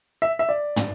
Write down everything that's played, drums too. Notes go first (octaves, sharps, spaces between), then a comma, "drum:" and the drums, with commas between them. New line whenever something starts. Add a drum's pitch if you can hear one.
E5
E5
D5
drum: tom